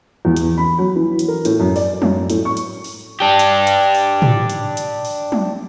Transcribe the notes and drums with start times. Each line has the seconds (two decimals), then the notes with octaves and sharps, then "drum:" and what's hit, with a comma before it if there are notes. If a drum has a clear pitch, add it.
0.25 E2
0.36 drum: hi-hat
0.58 B5
0.78 F#3
0.96 E3
1.19 drum: hi-hat
1.28 A#4
1.45 A2, drum: hi-hat
1.60 F#2
1.76 D5, drum: open hi-hat
2.02 F#2, drum: tom
2.30 A2, drum: hi-hat
2.45 C#6
2.57 drum: hi-hat
2.84 drum: open hi-hat
3.20 D4 G4
3.39 drum: hi-hat
3.67 drum: hi-hat
3.94 drum: open hi-hat
4.22 drum: tom
4.50 drum: hi-hat
4.77 drum: hi-hat
5.05 drum: open hi-hat
5.32 drum: tom